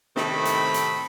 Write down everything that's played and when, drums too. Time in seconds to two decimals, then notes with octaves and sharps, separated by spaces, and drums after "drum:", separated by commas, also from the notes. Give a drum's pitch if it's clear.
0.17 A2 C3 D#3 A3 C4 B5, drum: snare
0.45 drum: hi-hat
0.74 drum: hi-hat